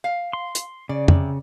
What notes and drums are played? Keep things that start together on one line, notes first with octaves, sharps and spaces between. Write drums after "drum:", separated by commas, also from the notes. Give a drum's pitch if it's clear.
F5
C6
drum: hi-hat
C#3 D5
C3, drum: tom F2